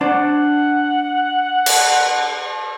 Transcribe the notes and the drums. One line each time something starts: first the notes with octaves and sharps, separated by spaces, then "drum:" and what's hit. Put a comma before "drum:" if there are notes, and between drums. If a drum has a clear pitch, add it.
D4 C5 F#5 A5
drum: cymbal